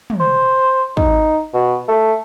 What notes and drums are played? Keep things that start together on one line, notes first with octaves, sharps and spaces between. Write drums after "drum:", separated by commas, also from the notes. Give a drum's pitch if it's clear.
drum: tom
C5
D#4, drum: kick
B2
A3